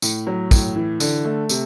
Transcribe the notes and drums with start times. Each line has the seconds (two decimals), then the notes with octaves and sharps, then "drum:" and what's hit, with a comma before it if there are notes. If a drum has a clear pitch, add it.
0.02 A2, drum: tambourine
0.27 F#3
0.51 A2, drum: kick, tambourine
0.76 E3
1.00 D3, drum: tambourine
1.25 A3
1.49 C3, drum: tambourine